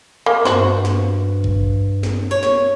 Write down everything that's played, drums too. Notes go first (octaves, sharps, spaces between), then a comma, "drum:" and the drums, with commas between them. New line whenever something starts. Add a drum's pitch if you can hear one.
A#3
G2 F#4 C5, drum: snare
drum: snare
drum: kick G#1
drum: snare
C#5
drum: snare